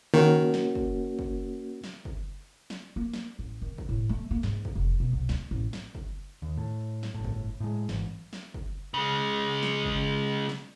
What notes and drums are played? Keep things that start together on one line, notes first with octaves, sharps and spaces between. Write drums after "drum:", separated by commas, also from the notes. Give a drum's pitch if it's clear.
D#3 A#3 C#4 F#4
drum: snare
drum: kick
drum: kick
drum: snare
drum: kick
drum: snare
A#3
drum: snare
A1
D#3
drum: kick
A2
A3
A#3
G#2, drum: snare
drum: kick
F1
B2
B1
D2, drum: snare
A1
drum: snare
drum: kick
D#2
A2
drum: snare
G1 A2
drum: kick
A2 G#3
G#1 G#2 E3, drum: snare
drum: snare
drum: kick
C#3 G#3
drum: snare
drum: kick
drum: snare